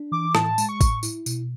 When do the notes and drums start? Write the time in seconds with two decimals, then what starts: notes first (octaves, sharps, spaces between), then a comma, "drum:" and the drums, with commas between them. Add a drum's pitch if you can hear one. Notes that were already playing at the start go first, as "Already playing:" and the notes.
Already playing: D4
0.12 E3 D6
0.35 A2 A5, drum: rim click
0.58 G#3, drum: tambourine
0.69 C#6
0.81 A2, drum: kick G#1, tambourine
1.03 E4, drum: tambourine
1.26 B2, drum: tambourine